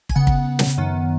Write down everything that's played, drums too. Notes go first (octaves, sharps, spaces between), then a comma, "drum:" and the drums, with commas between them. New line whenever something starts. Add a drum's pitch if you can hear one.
G#5, drum: kick
C#3 B3 F#5
drum: kick
drum: snare
F#2 D#3 B3